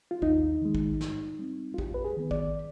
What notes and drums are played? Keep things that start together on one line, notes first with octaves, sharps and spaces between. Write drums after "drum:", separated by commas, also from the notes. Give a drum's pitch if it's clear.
F4
D#2 D#4, drum: kick
D#3 G#3
drum: kick
G#2, drum: snare
G3 C4
F4
F2 G4, drum: kick
B4
G#4
D#3 B3
D5, drum: kick